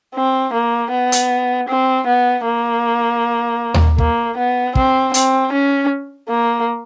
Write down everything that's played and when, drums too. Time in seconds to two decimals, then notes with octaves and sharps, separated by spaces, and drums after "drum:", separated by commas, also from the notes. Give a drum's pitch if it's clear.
0.15 C4
0.53 A#3
0.91 B3
1.12 drum: hi-hat
1.68 C4
2.07 B3
2.45 A#3
3.74 drum: tom D#2
3.98 A#3, drum: kick
4.37 B3
4.75 C4, drum: kick
5.14 C4, drum: hi-hat
5.52 C#4
6.29 A#3